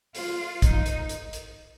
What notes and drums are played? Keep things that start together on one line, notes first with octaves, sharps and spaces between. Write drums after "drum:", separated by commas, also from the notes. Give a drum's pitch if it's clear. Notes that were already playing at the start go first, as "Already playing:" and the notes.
F4, drum: open hi-hat
D#4, drum: kick, hi-hat
drum: hi-hat
drum: hi-hat
drum: hi-hat